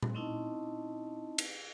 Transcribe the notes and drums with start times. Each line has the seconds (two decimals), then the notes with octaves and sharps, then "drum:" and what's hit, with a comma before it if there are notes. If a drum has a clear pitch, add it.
0.03 drum: tom A#2
0.15 C4 C#4 D#4 E4 D#5 A5
1.38 drum: cymbal